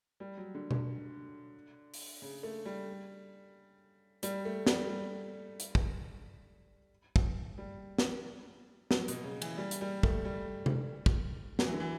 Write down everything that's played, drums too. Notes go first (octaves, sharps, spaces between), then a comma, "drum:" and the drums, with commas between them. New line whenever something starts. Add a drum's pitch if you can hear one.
G3
F#3
D3
D3, drum: tom B2
drum: open hi-hat
C#3
A3
G3
G3, drum: hi-hat
A3
G3, drum: snare
G3
drum: hi-hat
drum: kick
drum: kick
G3
drum: snare
F#3, drum: snare
B2, drum: hi-hat
C#3
E3, drum: cymbal
G3
drum: hi-hat
G3
A3, drum: kick
G3
drum: tom C3
drum: kick
F#3, drum: snare
E3
D3
E3